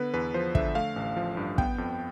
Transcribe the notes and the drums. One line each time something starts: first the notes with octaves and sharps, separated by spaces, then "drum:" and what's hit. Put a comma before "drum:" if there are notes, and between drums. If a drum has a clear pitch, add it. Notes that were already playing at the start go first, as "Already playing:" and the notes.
Already playing: D3 B3 B4
E2 B4
F3 C5
D3 E5, drum: kick
A3 F5
A1
F3
G2
B3 G5, drum: kick
F2